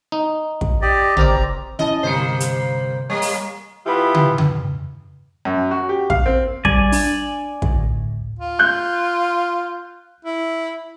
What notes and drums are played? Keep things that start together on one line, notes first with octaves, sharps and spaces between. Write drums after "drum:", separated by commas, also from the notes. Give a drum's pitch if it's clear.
D#4
drum: kick
G4 D5 D#5
C4 G4 A#4 D5 A#5, drum: tom
C#4 E4 D#5 A5, drum: snare
G1 C3 G3 A#3 C5 C#7
drum: hi-hat
G3 A#3 C#5 D#5
drum: open hi-hat
E3 B3 F4 G4 E5
drum: tom C#3
drum: tom C#3
F#2
F#4
G4
F5, drum: kick
C4
G3 D5 G#5, drum: kick
D4, drum: open hi-hat
D2 A2, drum: kick
F4
F#6 G6
E4